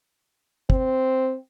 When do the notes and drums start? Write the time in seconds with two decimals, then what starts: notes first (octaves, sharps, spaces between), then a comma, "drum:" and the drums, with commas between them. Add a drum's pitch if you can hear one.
0.70 C4, drum: kick